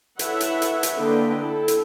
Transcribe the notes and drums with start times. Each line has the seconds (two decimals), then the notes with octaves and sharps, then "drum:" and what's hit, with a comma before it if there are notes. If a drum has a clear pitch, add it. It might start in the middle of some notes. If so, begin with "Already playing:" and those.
0.19 E4 A4 B4 C#5 E5 F#5, drum: hi-hat
0.40 drum: hi-hat
0.62 drum: hi-hat
0.83 drum: hi-hat
0.97 D3 A#3 B4 D#5 G5
1.39 E4 A4
1.68 drum: hi-hat